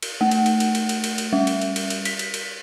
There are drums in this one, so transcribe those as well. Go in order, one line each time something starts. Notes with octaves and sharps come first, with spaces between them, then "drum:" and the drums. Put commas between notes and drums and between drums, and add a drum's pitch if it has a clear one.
drum: cymbal
A3
drum: cymbal
drum: cymbal
drum: cymbal
drum: cymbal
drum: cymbal
drum: cymbal
drum: cymbal
G3
drum: cymbal
drum: cymbal
drum: cymbal
drum: cymbal
B6, drum: cymbal
drum: cymbal
drum: cymbal